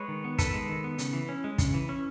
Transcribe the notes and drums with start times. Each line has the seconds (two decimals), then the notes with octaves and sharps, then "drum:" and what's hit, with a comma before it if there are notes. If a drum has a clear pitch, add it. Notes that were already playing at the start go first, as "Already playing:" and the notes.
Already playing: G#3 B4 C#5
0.08 D#3
0.24 B3
0.38 D#3 A4 B4, drum: kick, hi-hat
0.54 G#3
0.69 D#3
0.84 B3
0.98 C#3, drum: hi-hat
1.13 E3
1.29 C#4
1.44 G#3
1.58 C#3, drum: kick, hi-hat
1.74 E3
1.89 C#4